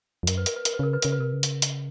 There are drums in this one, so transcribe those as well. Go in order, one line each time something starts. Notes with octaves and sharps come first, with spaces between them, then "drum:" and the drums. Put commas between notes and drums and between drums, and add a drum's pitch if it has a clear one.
F2
F#2 A#4, drum: hi-hat
B4
A#4, drum: hi-hat
B4
A#4, drum: hi-hat
B4
C#3 A#4
B4
C#3 A#4, drum: hi-hat
B4
C3 A#4
C#3
drum: hi-hat
drum: hi-hat